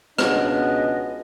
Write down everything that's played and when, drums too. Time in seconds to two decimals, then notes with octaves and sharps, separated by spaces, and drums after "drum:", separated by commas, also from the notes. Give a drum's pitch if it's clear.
0.19 C#2 B2 B3 C#4 D4 D#5, drum: rim click